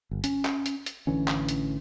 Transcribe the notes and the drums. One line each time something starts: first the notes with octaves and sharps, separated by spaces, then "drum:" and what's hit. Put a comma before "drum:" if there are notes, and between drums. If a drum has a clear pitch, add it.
G1
C#4, drum: hi-hat
drum: clap
drum: hi-hat
drum: hi-hat
A1 D3 E3 C#4
drum: clap
drum: hi-hat